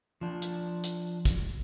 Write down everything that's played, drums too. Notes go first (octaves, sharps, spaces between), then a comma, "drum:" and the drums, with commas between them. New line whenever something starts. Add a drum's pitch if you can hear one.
F3 D4
drum: hi-hat
drum: hi-hat
drum: kick, hi-hat